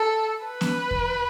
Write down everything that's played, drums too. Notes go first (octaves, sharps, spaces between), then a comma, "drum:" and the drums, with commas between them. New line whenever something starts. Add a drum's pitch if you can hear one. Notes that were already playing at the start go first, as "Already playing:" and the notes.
Already playing: A4
B4
drum: snare B3
drum: kick E2